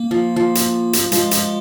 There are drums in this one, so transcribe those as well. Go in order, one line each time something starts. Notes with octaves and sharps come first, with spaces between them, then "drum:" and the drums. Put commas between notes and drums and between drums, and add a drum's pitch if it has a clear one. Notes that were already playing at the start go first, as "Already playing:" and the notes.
Already playing: A#3
F3
F3
drum: hi-hat
drum: hi-hat
F3 G#3, drum: hi-hat
drum: hi-hat